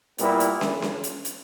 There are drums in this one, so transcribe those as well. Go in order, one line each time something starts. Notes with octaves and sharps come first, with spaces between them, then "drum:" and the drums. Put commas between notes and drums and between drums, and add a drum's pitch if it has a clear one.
A#2 G3 B3 E4, drum: hi-hat
drum: hi-hat
drum: snare
drum: snare
drum: hi-hat
drum: hi-hat